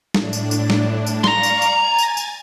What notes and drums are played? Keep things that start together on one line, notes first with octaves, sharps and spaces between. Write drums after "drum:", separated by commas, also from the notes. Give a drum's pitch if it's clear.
A2 D4, drum: snare
drum: tambourine
drum: tambourine
drum: snare
drum: tambourine
D5 F5 A#5 C6 C#6, drum: snare
drum: tambourine
drum: tambourine
G#5 G#6 A6
drum: tambourine
drum: tambourine